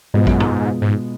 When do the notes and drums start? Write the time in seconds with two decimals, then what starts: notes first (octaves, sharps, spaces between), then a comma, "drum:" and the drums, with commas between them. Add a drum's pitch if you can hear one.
0.14 G#2 B2 G#3 B3 F4
0.27 F#2, drum: kick A1
0.40 G#2, drum: tom F#2
0.82 G#2